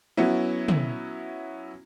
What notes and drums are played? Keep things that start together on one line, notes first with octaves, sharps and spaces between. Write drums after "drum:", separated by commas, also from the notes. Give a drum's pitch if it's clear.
F#3 B3 C#4 E4
drum: tom